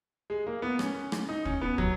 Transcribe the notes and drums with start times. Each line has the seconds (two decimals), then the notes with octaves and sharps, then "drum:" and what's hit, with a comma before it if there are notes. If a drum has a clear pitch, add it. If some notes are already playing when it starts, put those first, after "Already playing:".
0.30 G#3
0.47 A#3
0.62 B3
0.79 C#4, drum: rim click
1.12 drum: rim click
1.29 D#4
1.45 C#4, drum: kick
1.61 B3
1.78 F#3, drum: kick